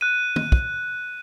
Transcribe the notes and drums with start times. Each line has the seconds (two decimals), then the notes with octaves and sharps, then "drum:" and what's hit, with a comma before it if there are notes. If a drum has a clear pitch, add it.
0.01 F#6 D#7
0.36 drum: tom
0.52 drum: kick